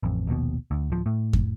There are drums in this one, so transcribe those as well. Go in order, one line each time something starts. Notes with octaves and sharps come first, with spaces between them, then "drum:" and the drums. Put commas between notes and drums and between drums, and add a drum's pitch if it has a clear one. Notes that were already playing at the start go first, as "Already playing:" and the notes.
A1 F2
D#1 A#1 D#2 B2
D2
D1 F3
A2
drum: kick F2